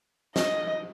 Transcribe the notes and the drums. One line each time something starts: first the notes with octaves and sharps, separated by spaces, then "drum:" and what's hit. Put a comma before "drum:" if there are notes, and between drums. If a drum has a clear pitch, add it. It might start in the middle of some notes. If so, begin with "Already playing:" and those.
D#5, drum: snare